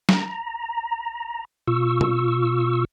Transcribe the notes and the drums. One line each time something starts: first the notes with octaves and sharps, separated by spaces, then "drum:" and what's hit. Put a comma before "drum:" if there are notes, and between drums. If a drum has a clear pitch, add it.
A#5, drum: snare
B2 F4 C#6 E6
drum: tom B2